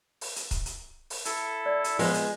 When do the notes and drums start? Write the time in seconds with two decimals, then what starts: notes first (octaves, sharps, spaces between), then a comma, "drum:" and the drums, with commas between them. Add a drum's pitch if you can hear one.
0.21 drum: open hi-hat
0.36 drum: hi-hat
0.51 drum: kick C#1, hi-hat
0.66 drum: hi-hat
1.10 drum: open hi-hat
1.25 E4 A4, drum: hi-hat
1.66 D5
1.84 drum: hi-hat
1.99 F3 G#3 B3, drum: open hi-hat
2.14 drum: hi-hat